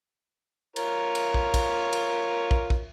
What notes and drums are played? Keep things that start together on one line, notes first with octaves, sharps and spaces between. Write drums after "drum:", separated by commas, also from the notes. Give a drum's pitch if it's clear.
F4 A#4 C#5, drum: cymbal
drum: cymbal
drum: kick
drum: kick, cymbal
drum: cymbal
drum: kick
drum: kick